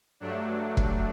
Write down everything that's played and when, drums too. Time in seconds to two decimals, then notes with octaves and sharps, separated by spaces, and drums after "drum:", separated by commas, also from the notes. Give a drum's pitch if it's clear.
0.20 G2 F#3 A3 D4
0.77 drum: kick